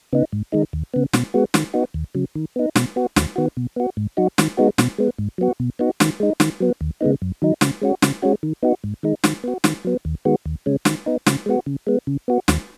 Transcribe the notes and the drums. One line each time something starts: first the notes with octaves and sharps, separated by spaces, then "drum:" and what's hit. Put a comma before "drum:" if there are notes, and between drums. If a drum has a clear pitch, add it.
C#3 B3 D#4
G#2
D#3 G#3 D#4
D#2
C#3 B3
B2, drum: snare
G#3 B3 F#4
D#3, drum: snare
B3 D#4 F#4
D#2
C#3 F#3
D#3
B3 D#4
B2, drum: snare
B3 F#4
D#2, drum: snare
D#3 B3 F#4
B2
B3 F#4
G#2
F#3 D#4 F#4
D#3, drum: snare
G#3 B3 D#4 F#4
B2, drum: snare
G#3 B3
G#2
F#3 B3 F#4
B2
B3 D#4 F#4
D#3, drum: snare
G#3 D#4
D#3, drum: snare
F#3 B3
D#2
C#3 G#3 B3 D#4
F#2
D#3 F#3 D#4
C#3, drum: snare
G#3 C#4 F#4
C#3, drum: snare
G#3 C#4 F#4
D#3
B3 D#4 F#4
G#2
D#3 G#3 D#4
D#3, drum: snare
B3 F#4
D#3, drum: snare
F#3 B3
D#2
D#3 G#3 B3 F#4
D#2
C#3 G#3 C#4
D#3, drum: snare
B3 D#4
C#3, drum: snare
G#3 B3 F#4
C#3
G#3 B3
C#3
B3 F#4
D#2, drum: snare